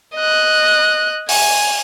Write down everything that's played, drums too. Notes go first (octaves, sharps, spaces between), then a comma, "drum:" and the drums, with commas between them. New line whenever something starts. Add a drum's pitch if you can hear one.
D#5 F#6
G#5, drum: open hi-hat